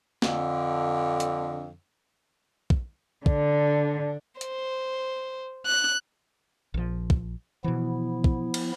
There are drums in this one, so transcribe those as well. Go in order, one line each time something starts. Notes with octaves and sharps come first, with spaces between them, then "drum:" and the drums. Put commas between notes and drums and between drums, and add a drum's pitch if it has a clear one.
F2 D3, drum: snare
drum: hi-hat
drum: kick
D3 D4, drum: kick
C5, drum: hi-hat
F#6
A#1 F3
drum: kick
B2 E3 F3 B3 E4
drum: kick
drum: cymbal